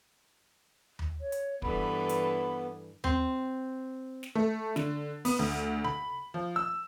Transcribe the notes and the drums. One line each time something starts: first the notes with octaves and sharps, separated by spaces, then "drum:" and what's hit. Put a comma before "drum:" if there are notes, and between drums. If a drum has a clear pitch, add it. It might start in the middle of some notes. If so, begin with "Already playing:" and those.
drum: tom D#2
C#5
drum: hi-hat
G2 E3 B3 A4 B5, drum: kick
drum: hi-hat
C4, drum: tom D#2
drum: snare
A3
D3, drum: snare
B3, drum: open hi-hat
D2
B5, drum: tom C#3
F3
E6